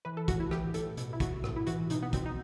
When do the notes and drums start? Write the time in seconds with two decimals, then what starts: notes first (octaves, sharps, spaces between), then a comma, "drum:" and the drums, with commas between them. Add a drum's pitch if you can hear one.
0.05 E3 B4
0.17 A4
0.28 A2 F#4, drum: kick, hi-hat
0.40 E4
0.51 E3 G4, drum: rim click
0.74 A2 A4, drum: hi-hat
0.97 B2, drum: hi-hat
1.13 E4
1.20 B2 F#4, drum: kick, hi-hat
1.44 A2, drum: rim click
1.56 E4
1.67 E3 F#4, drum: hi-hat
1.90 B2 D#4, drum: hi-hat
2.02 B3
2.13 B2 C4, drum: kick, hi-hat
2.26 D#4